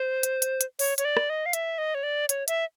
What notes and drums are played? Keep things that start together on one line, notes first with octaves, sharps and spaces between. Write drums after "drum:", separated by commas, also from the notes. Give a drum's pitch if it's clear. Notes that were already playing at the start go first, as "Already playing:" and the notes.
Already playing: C5
drum: hi-hat
drum: hi-hat
drum: hi-hat
C#5, drum: open hi-hat
C#5, drum: hi-hat
D5
drum: rim click
D#5
F5
E5, drum: hi-hat
D#5
C#5
D5
C#5, drum: hi-hat
E5, drum: hi-hat